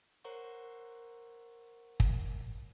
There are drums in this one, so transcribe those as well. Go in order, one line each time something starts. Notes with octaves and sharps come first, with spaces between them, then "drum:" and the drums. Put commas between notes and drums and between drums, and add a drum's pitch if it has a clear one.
A#4 C5 C#5 F#5 A#5 C#6
drum: kick